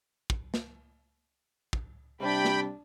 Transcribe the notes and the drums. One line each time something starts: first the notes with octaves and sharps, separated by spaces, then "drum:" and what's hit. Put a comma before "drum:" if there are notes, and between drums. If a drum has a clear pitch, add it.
drum: kick
drum: snare
drum: kick
C3 G3 D4 G5 B5
drum: snare